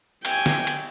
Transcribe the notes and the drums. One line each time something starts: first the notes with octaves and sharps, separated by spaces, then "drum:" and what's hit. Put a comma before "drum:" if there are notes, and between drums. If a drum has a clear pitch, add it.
G5 G#5, drum: cymbal
drum: snare
drum: cymbal